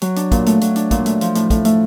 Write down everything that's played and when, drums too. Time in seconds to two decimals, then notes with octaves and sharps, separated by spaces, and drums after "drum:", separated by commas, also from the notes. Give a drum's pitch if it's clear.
0.02 F#3, drum: hi-hat
0.16 D4, drum: hi-hat
0.32 A#2, drum: kick, hi-hat
0.46 A3, drum: hi-hat
0.61 F#3, drum: hi-hat
0.76 D4, drum: hi-hat
0.91 A#2, drum: kick, hi-hat
1.06 A3, drum: hi-hat
1.21 F3, drum: hi-hat
1.35 A2, drum: hi-hat
1.50 A2, drum: kick, hi-hat
1.65 A3, drum: hi-hat